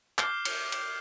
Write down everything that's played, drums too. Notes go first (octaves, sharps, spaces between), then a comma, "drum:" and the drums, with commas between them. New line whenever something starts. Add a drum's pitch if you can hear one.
D6 F6 G6 C7 G7, drum: clap
drum: cymbal
drum: cymbal